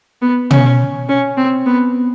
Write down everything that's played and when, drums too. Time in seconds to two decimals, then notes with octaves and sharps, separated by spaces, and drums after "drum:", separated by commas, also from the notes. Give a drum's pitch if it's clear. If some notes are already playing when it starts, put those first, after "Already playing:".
0.22 B3
0.51 C#4, drum: tom
1.09 C#4
1.37 C4
1.66 B3